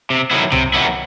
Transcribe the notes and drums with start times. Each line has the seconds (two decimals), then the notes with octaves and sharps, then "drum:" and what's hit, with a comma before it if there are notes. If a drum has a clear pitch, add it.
0.10 C3
0.31 D#3 F#3 B3 E4
0.52 C3, drum: tom C2
0.74 D#3 F#3 B3 E4